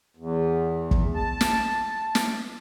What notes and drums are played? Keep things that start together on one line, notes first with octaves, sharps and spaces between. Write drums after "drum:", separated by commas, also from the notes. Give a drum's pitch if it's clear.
E2
drum: kick
A5
drum: snare
drum: snare